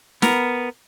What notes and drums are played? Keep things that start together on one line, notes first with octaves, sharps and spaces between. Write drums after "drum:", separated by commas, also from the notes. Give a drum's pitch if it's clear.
B3 A#4, drum: snare